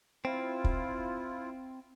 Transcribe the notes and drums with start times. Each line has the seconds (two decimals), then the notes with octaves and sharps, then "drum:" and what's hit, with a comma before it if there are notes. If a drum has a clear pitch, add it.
0.25 C4 E4 F4
0.64 drum: kick